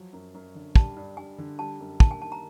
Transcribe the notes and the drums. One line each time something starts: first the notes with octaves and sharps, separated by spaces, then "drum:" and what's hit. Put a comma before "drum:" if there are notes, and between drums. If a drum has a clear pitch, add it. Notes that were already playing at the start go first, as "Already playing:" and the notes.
Already playing: F3 F#3
F#2
F#2
D3
G3 A5, drum: kick
G2
G2 G#5
D3
G3 A5
F#2
A#3 A5, drum: kick
G#5
D#3 A5
A#5